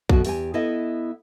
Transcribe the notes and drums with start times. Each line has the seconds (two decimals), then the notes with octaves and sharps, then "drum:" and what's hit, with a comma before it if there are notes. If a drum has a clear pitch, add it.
0.09 F#2 B2 D3 F#4, drum: kick A#1
0.25 E2 G4 G#5, drum: open hi-hat
0.54 B3 E4 A4 D#5 E5